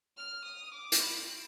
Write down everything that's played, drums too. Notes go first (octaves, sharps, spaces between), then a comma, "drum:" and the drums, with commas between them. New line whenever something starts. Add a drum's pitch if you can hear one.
F6
D#6
D6
drum: hi-hat
B5